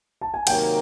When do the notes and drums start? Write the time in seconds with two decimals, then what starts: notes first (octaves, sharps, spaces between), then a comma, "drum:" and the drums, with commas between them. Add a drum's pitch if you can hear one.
0.21 A5
0.34 G#5
0.47 C3 D#3 F#3 A#3 G5, drum: cymbal